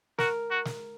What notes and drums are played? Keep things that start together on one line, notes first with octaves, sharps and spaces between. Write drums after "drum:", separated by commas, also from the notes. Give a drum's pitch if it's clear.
F#4 A#4, drum: snare
F#4
drum: snare